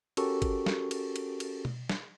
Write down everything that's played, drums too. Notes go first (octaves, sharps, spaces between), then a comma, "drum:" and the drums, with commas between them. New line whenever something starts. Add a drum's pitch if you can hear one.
C#4 F#4 G4 A4 A#4 C#6, drum: cymbal
drum: kick G1, cymbal
drum: snare
drum: cymbal
drum: cymbal
drum: cymbal
drum: tom B2
drum: snare